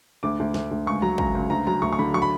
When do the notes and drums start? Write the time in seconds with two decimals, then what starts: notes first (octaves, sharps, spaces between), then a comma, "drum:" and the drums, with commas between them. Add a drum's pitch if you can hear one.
0.23 D2 D6
0.40 D2
0.54 D2, drum: snare
0.71 D2
0.86 C#2 C#6
1.02 F#3 A#5
1.18 C#2 A#5, drum: kick
1.35 C#2
1.50 D2 A#5
1.67 F#3 A#5
1.82 D2 C#6
1.93 C#6
1.99 D3 B5
2.14 F#3 C#6
2.22 B5